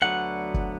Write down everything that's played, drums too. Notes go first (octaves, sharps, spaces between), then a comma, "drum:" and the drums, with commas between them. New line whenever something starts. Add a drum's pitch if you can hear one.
D2 D3 F#3 B3 F#5
drum: kick